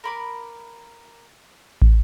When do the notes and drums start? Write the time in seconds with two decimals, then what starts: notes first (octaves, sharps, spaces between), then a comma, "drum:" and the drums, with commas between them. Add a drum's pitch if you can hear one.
0.04 A#4 B5 D6
1.82 drum: kick